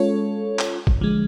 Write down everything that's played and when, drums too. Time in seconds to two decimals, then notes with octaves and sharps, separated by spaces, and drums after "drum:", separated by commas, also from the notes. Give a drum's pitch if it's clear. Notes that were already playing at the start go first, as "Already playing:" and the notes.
Already playing: G#3 C#4 F4 A4 C#5
0.59 drum: clap
0.87 drum: kick
1.01 D3 F3 G#3